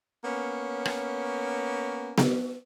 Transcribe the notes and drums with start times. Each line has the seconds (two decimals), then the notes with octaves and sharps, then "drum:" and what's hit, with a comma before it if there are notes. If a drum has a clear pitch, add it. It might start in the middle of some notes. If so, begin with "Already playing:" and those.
0.25 A#3 B3 C#4
0.85 drum: rim click
2.18 drum: snare B3